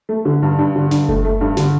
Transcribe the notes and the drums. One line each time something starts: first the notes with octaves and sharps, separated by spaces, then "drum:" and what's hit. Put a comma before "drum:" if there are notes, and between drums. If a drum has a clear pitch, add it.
A3
D3
G2
G2
D3
G2, drum: snare
A3, drum: kick F#1
A3
G2
D3, drum: snare